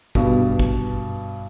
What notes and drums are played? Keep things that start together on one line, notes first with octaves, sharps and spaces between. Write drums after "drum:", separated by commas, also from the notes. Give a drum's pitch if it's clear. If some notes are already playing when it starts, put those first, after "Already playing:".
G2 B2, drum: kick
drum: kick